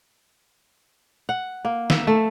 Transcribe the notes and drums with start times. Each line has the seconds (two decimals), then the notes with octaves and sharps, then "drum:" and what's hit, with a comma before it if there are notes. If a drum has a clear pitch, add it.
1.29 F#5
1.65 A#3
1.90 E5, drum: snare
2.07 A3